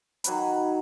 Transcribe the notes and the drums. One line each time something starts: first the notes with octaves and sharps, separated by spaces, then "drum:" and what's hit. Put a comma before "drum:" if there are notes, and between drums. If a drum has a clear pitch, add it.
D#3 F#3 B4 B5, drum: hi-hat